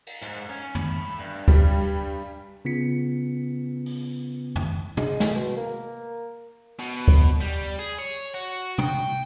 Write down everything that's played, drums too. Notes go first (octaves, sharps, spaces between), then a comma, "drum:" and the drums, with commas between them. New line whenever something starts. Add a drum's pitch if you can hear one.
drum: cymbal
G#2, drum: hi-hat
C#4
A2 B5, drum: tom
G2
G3, drum: kick D2
C#3 B3 F4 B6 C#7
drum: open hi-hat
drum: tom
G#3, drum: tom
drum: snare
B2
A#3
B2
drum: kick D2
G3
G#4
C#5
F#4
G5, drum: tom